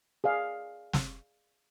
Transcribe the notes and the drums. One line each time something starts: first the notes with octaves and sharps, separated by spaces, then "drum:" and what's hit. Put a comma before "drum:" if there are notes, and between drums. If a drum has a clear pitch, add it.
G#4 D5 F5
drum: snare